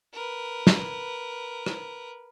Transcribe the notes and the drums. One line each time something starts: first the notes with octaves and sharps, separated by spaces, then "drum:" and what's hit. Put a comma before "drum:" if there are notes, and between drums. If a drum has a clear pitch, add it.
A#4 B4
drum: snare
drum: rim click